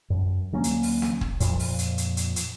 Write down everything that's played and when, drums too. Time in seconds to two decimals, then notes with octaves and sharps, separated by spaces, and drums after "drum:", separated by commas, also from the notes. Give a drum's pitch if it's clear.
0.10 F#2
0.52 D2 F#3 A#3 C#4
0.64 drum: hi-hat
0.83 drum: open hi-hat
1.02 drum: snare
1.21 drum: kick
1.40 F2 A#2 F3, drum: hi-hat
1.59 drum: open hi-hat
1.79 drum: hi-hat
1.98 drum: hi-hat
2.17 drum: hi-hat
2.36 drum: hi-hat